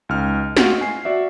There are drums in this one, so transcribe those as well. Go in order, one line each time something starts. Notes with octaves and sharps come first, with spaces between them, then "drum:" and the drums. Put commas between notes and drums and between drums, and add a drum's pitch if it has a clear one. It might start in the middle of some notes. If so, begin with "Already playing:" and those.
C#2 D#4 F6
F4 F#4 D#5, drum: snare
G#5 C7
F#4 D5 E5